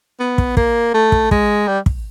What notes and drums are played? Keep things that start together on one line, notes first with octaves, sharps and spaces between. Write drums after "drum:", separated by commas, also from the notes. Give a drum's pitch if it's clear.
B3
drum: kick
A#3, drum: kick
A3
drum: kick
G#3, drum: kick
G3
drum: kick